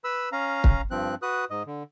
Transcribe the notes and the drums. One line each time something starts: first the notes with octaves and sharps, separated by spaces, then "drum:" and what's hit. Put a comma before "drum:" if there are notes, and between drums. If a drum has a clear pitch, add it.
B4 B5 E6
C#4 F5 A#5
drum: kick
G2 F3 C4 F#6
F#4 B4 D#6 F#6
G#2 D#5
D3